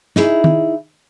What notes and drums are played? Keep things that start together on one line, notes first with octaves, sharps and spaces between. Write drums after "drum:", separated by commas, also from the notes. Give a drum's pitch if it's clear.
D#4 E4 G#4, drum: snare
drum: tom D#3